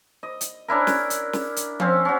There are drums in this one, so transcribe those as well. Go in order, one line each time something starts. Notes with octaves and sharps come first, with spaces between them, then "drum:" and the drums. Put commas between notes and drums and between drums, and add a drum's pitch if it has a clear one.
D#5
drum: hi-hat
C#4 D4 E4 A#4
drum: snare
drum: hi-hat
drum: snare
drum: hi-hat
C4 C#4 F5, drum: tom F3
C#4 F#4